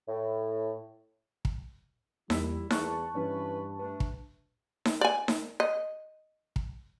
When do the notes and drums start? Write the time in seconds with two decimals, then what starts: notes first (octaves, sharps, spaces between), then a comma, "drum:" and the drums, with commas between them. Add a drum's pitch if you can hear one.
0.08 A2
1.45 drum: kick
2.30 E2 G3 A#3 E4 E6 B6, drum: snare D#4
2.71 E2 G3 A#3 E4 A5 C#6 F#6, drum: snare D#4
3.15 G2 E3 C#4 B4
3.79 A3 D4 B4
4.00 drum: kick
4.85 drum: snare D#4
5.01 D5 G#5
5.28 drum: snare D#4
5.60 D#5
6.56 drum: kick